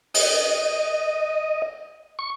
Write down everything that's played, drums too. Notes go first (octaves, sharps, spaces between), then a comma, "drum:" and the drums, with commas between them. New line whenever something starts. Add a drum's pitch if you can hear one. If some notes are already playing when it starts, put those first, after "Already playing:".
D#5, drum: open hi-hat
C#6